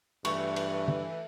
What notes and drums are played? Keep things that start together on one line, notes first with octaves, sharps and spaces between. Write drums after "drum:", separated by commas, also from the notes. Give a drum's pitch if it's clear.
G2 E3 A3 C#6, drum: cymbal
drum: cymbal
drum: tom D3